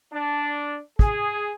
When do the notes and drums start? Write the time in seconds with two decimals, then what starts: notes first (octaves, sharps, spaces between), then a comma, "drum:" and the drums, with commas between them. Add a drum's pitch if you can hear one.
0.12 D4
0.99 G#4, drum: kick